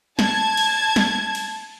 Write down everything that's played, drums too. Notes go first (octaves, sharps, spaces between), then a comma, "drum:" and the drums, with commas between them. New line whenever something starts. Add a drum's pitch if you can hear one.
A5 G#6, drum: snare
drum: cymbal
drum: snare
drum: cymbal